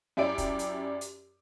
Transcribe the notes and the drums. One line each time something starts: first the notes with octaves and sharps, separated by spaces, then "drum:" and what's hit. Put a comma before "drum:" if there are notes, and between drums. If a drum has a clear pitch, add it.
F#2 E4 G4 D5 D7
drum: kick, hi-hat
drum: hi-hat
drum: hi-hat